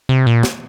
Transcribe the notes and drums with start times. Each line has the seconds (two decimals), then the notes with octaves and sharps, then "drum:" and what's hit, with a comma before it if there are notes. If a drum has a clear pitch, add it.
0.09 C3
0.26 A#2
0.43 drum: snare